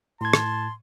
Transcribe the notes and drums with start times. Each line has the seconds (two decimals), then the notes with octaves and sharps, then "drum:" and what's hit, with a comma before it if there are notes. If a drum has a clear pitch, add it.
0.21 A2 A5 C6 G#6
0.33 drum: rim click